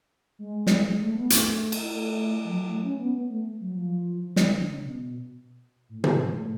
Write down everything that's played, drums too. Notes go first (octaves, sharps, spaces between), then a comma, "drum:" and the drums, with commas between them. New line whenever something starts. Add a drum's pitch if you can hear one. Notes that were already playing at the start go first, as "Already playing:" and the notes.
G#3
drum: snare
A3
B3
A3, drum: hi-hat
drum: cymbal
A3
F3
F#3
A3
C#4
B3
B3
A3
F#3
F3
D3, drum: snare
D3
C#3
B2
A2
A2, drum: tom
G#2
A2